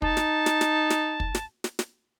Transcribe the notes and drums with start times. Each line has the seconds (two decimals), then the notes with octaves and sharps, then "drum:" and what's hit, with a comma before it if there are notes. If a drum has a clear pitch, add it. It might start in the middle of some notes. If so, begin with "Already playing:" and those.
0.02 D#4 A5, drum: kick
0.17 drum: snare
0.46 drum: snare
0.61 drum: snare
0.90 drum: snare
1.20 drum: kick
1.35 drum: snare
1.64 drum: snare
1.79 drum: snare